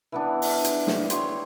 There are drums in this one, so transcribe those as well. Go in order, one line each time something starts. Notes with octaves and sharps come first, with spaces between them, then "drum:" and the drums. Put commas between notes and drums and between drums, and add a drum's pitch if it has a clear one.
E3 B3 D4
drum: open hi-hat
drum: hi-hat
drum: snare
G4 C#5 C6, drum: hi-hat